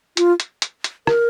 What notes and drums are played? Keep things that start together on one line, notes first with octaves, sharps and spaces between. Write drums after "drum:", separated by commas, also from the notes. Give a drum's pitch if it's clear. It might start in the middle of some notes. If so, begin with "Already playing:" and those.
F4, drum: hi-hat
drum: hi-hat
drum: hi-hat
drum: hi-hat
A#4, drum: rim click